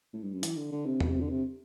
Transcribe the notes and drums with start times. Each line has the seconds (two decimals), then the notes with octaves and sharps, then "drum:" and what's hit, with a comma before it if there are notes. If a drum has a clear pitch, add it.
0.13 A2
0.23 G2
0.33 F#2
0.43 E3, drum: hi-hat
0.57 D3
0.72 D3
0.86 C3
1.00 B2, drum: tom E2
1.10 C3
1.20 D3
1.30 C3